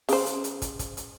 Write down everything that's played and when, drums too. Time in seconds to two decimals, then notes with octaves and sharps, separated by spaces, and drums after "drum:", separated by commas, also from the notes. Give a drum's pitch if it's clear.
0.09 C#3 C5, drum: open hi-hat
0.26 drum: hi-hat
0.44 drum: hi-hat
0.62 drum: kick, hi-hat
0.79 drum: kick, hi-hat
0.97 drum: hi-hat